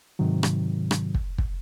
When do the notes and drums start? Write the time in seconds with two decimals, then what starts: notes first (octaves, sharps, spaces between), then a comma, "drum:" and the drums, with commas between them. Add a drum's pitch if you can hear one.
0.19 G#2 C3 D#3 F#3
0.43 drum: rim click
0.91 drum: rim click
1.15 drum: kick
1.38 drum: kick